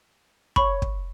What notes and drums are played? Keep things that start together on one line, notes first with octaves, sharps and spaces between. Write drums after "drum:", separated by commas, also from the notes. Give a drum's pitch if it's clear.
C#5 B5 C#6, drum: kick
drum: kick